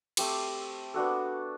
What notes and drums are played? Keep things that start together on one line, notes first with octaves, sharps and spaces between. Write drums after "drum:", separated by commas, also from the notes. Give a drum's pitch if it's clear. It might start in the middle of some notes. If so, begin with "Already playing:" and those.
A3 C4 G4 C5, drum: cymbal
B3 D4 F#4 A4